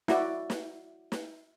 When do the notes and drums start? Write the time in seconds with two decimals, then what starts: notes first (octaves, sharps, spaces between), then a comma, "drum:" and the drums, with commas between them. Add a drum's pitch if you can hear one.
0.08 E4 F#4 D5, drum: snare
0.50 drum: snare
1.12 drum: snare